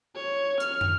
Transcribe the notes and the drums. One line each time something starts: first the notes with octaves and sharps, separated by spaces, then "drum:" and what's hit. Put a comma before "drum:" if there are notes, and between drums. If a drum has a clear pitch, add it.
C#5
F6, drum: hi-hat
drum: tom